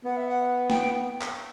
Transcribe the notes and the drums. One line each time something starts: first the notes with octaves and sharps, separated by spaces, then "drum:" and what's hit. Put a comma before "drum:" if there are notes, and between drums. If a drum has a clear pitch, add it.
B3 F#5
E5
F#5
G5, drum: snare
drum: clap